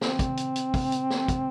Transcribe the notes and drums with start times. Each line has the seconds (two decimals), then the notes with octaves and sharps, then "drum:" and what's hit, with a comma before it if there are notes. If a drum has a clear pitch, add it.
0.01 C4, drum: snare
0.19 drum: kick, hi-hat
0.37 drum: hi-hat
0.56 drum: hi-hat
0.74 drum: kick, open hi-hat
0.92 drum: hi-hat
1.10 drum: snare
1.28 drum: kick, hi-hat